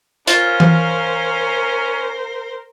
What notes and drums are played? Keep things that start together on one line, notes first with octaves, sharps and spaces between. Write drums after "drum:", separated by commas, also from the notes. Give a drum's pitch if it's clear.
C#4 F4 A#4 C5, drum: hi-hat
drum: tom E3